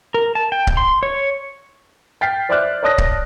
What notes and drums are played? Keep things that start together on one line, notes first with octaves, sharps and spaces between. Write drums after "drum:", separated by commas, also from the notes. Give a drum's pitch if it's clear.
A#4
A5
G5
drum: kick C#1
C6
C#5
G5 F6 G6 A6 B6 C7
C5 D5 E5 D6 F6 F#6
C#5 D5 A5 D#6 F#6 A#6
drum: kick C#1